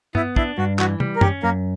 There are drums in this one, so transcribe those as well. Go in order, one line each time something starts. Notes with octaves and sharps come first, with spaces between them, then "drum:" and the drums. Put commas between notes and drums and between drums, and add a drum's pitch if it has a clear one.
B3 E4, drum: tom G2
D4 E4, drum: kick
G2 F#4
E3 F#4, drum: clap
G3, drum: tom
A#4
C#4 G4, drum: tom
F#2 A#3 A#4